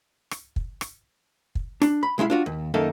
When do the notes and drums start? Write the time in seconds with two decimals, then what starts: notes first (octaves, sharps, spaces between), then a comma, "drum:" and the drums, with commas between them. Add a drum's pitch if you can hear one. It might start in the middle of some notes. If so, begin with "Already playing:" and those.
0.31 drum: rim click
0.56 drum: kick
0.81 drum: rim click
1.55 drum: kick
1.82 D4, drum: rim click
2.03 B5
2.18 B1 G#3 D#4 E4 F5
2.30 D4 F4 F#4
2.46 D#2
2.74 F#2 D#3 A#3 D#4 A4